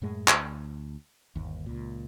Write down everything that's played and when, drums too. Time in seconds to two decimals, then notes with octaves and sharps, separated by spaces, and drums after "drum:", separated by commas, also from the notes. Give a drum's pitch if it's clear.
0.02 F#2 A2 G#3
0.28 D2, drum: clap
1.36 G1 D#2
1.66 C#2 A#2